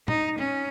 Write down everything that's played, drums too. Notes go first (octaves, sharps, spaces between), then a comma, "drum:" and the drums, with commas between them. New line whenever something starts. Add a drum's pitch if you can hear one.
D#4, drum: tom
C#4